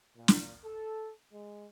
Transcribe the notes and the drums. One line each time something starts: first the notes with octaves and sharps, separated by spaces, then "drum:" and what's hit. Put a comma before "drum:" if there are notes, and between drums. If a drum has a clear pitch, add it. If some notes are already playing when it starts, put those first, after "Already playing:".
A#2
drum: snare
A4
G#3